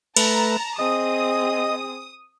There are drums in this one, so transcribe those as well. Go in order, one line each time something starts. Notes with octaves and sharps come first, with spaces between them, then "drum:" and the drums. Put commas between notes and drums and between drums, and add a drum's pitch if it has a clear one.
A3 B4 A5 A#5, drum: cymbal
C4 G#4 D#5 D#6